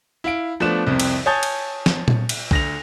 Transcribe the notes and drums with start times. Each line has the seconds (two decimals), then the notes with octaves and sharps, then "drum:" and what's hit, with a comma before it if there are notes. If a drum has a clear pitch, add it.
0.24 E4 F5 D7
0.60 F3 A3 B3 D4 F#6 E7
0.87 C2 F2 C3
1.00 drum: cymbal
1.26 C#5 G#5 A5 D#6 G6 A6
1.43 drum: cymbal
1.86 drum: snare
2.08 drum: tom A#2
2.29 drum: cymbal
2.51 D2 A#6 F7, drum: kick B1